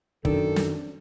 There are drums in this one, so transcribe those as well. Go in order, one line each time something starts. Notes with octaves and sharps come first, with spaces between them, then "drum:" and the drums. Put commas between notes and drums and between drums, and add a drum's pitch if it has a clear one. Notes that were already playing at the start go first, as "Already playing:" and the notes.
F#2 D#3 D4 A4, drum: kick
drum: snare